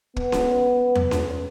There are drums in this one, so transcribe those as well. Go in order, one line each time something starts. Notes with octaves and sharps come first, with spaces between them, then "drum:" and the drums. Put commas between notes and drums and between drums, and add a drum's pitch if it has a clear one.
B3, drum: kick
drum: snare C#4
drum: tom E2
drum: snare C#4